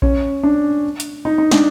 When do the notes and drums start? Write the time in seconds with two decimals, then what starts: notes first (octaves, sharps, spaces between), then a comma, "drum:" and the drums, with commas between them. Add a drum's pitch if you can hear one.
0.02 C#4, drum: kick A#1
0.43 D4
1.00 drum: hi-hat
1.25 D#4
1.38 D#4
1.51 D4, drum: snare